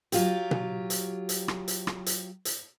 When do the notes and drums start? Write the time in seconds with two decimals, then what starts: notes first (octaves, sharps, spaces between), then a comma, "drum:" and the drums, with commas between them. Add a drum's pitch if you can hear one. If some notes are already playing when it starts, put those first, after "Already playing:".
0.12 F#3 F4 G4, drum: hi-hat
0.51 drum: tom B2
0.90 drum: hi-hat
1.29 drum: hi-hat
1.48 drum: rim click
1.68 drum: hi-hat
1.87 drum: rim click
2.06 drum: hi-hat
2.45 drum: hi-hat